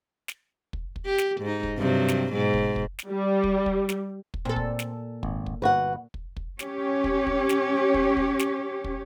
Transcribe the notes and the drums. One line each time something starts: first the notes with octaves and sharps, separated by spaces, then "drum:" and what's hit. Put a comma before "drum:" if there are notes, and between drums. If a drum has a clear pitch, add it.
drum: snare
drum: kick
drum: kick
G4
drum: snare
G#2 D#4
drum: kick
G2 C3 F#3
drum: snare
G#2 B2
drum: kick
drum: kick
drum: snare
G3
drum: kick
drum: kick
drum: snare
drum: kick
A#2 C4 A4
drum: kick
drum: snare
G#1, drum: kick
drum: kick
G1 F#4 B4 F#5
drum: kick
drum: kick
C#4 G4 C#5, drum: snare
drum: kick
drum: kick
drum: snare
drum: kick
drum: kick
drum: snare
drum: kick